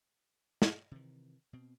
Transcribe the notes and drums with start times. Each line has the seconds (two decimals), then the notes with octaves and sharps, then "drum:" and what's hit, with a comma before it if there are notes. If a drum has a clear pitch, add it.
0.62 drum: snare
0.91 C3 D#3 E3
1.53 B2 C4